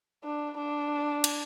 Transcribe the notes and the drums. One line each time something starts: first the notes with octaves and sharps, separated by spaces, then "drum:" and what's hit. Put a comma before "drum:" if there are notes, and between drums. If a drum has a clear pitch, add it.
D4
D4
drum: cymbal